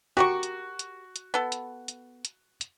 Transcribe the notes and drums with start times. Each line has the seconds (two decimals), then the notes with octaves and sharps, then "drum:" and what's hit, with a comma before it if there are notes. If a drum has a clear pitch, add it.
0.17 F#4 G4 A#4 C#6
0.43 drum: hi-hat
0.79 drum: hi-hat
1.16 drum: hi-hat
1.34 B3 A4
1.52 drum: hi-hat
1.88 drum: hi-hat
2.25 drum: hi-hat
2.61 drum: hi-hat